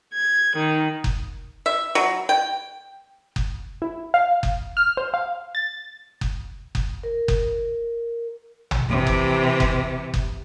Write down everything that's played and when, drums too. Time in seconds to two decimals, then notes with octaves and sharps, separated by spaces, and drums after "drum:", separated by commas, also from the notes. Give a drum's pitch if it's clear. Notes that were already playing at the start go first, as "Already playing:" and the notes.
0.13 G#6
0.56 D#3
1.04 drum: kick F#1
1.66 E5
1.95 F#3
2.29 G5
3.36 drum: kick F#1
3.82 E4
4.14 F5
4.43 drum: kick F#1
4.77 F6
4.97 C5
5.14 F5
5.55 A6
6.21 drum: kick F#1
6.75 drum: kick F#1
7.03 A#4
7.28 drum: kick F#1
8.71 drum: tom
8.89 C3 E3
9.07 drum: kick F#1
9.60 drum: kick F#1
10.14 drum: kick F#1